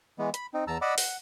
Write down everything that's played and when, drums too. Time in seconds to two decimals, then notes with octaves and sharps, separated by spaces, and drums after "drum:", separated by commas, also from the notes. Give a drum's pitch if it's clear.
0.19 E3 G#3 B3
0.34 B5, drum: hi-hat
0.54 C4 D#4
0.67 E2 A5 A#5 E6
0.82 D5 D#5 F#5 B5 D6 E6
0.98 F#5, drum: open hi-hat